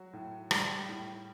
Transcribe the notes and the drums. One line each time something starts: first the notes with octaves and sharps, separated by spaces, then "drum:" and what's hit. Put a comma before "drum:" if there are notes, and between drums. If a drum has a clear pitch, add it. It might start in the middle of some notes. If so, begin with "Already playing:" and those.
Already playing: F#3 F#4
A2
G3, drum: rim click
A2